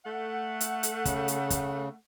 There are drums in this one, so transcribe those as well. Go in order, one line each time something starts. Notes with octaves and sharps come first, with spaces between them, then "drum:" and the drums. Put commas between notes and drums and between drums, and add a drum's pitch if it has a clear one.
A3 F#5
drum: hi-hat
drum: hi-hat
C#3, drum: kick, hi-hat
drum: hi-hat
drum: kick, hi-hat